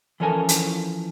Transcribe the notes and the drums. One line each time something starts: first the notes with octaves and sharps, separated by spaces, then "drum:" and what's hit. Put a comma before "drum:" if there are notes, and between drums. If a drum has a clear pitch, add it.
E3 F3 C#4 A4 A#4 G#5
drum: hi-hat